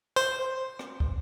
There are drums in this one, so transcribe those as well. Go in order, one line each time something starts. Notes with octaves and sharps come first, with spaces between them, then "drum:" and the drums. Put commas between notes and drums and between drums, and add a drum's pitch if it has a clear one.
C5
drum: rim click
drum: kick